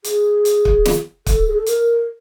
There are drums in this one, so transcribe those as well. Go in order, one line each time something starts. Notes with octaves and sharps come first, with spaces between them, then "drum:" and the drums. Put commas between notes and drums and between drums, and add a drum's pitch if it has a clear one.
G#4, drum: hi-hat
drum: hi-hat
drum: kick
drum: snare
A4, drum: kick, hi-hat
G#4
A4
A#4, drum: hi-hat